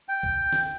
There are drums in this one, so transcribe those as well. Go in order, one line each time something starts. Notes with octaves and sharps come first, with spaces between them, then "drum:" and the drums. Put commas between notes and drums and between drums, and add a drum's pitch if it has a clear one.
G5
drum: kick
drum: snare